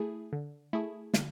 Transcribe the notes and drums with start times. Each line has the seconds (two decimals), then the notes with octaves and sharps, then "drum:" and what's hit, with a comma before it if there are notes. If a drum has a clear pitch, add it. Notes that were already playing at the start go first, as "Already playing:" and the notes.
Already playing: A3 E4 G#4
0.33 D3
0.73 A3 E4 G#4
1.14 D3, drum: snare